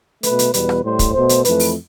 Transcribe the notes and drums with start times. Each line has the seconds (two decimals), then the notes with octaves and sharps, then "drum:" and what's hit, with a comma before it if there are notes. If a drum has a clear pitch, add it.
0.23 A3 B4, drum: hi-hat
0.28 B2
0.39 drum: hi-hat
0.54 E2 B2 G3 B4, drum: hi-hat
0.69 drum: rim click
0.84 A2 G3 C5
0.99 drum: kick, hi-hat
1.14 B2 A3 C5
1.29 drum: hi-hat
1.45 F2 E3 A3 B4, drum: hi-hat
1.60 drum: open hi-hat